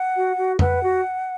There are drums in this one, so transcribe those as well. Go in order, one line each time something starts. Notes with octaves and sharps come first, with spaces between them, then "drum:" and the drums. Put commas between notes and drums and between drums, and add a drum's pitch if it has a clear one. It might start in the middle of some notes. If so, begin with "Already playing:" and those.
Already playing: F#5
F#4
F#4
B4 F#5, drum: tom F2
F#4